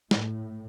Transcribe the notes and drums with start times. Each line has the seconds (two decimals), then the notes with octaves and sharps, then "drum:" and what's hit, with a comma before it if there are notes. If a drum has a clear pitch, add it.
0.11 A2, drum: snare